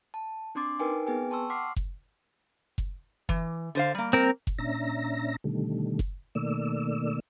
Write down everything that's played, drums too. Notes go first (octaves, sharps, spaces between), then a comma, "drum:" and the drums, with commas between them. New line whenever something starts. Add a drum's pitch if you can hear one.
A5
C4 D4 C6 D6 A6
D#4 A#4 B4 G5 G#5
B3 C4 G#4 B4 G5 G#5
G5 A5 C6 C#6 E6
F#5 C6 D6 F6 B6 C7
drum: kick F#1
drum: kick F#1
E3, drum: kick F#1
D3 C5 F5
G3 A#3
C4 A#4
drum: kick F#1
A#2 C#4 D4 E5 A#5 A#6
B2 D3 D#3 G3 A3
drum: kick F#1
B2 D#3 A3 A#3 D5 E6